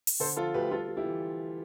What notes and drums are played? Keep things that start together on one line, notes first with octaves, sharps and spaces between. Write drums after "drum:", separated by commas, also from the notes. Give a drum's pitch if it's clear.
drum: open hi-hat
D3 A4 C5
F3 F4 A4
D2 G4 B4
G3 F4 A4
G3
E4 G4
E3